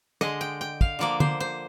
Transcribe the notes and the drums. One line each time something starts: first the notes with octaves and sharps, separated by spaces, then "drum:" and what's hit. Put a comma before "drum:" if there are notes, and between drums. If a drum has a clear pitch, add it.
D3 G#3 D#5, drum: rim click
G5
G5
F5, drum: kick
D3 F3 A#3 D5
C5, drum: tom
C5